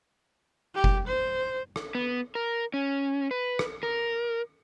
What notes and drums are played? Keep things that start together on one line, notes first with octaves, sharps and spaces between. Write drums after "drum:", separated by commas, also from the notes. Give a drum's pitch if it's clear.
G4
drum: kick F#1
C5
drum: rim click
B3
A#4
C#4
B4
drum: rim click
A#4